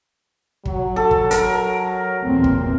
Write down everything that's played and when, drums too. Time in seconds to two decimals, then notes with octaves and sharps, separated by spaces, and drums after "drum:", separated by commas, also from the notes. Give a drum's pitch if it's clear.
0.65 F#3, drum: kick
0.96 A4
1.11 drum: kick
1.31 A#4, drum: hi-hat
2.25 E2 A#2 C4
2.44 drum: kick